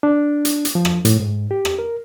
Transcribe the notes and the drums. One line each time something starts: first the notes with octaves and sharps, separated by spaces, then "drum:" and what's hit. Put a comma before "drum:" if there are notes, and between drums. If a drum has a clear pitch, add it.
D4
drum: hi-hat
drum: hi-hat
F3
drum: rim click
A2, drum: hi-hat
G#2
G4
drum: rim click
A#4